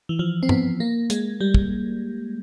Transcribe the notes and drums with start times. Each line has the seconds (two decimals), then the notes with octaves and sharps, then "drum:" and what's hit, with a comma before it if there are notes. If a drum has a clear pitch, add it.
0.09 E3
0.19 F3
0.43 C4
0.49 B3, drum: tom
0.80 A#3
1.10 G#3, drum: hi-hat
1.41 G3
1.54 drum: kick